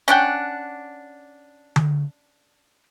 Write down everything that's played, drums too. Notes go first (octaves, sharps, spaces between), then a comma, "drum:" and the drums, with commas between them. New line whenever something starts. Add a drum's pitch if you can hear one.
C#4 D4 F#5 G5, drum: hi-hat
drum: tom D3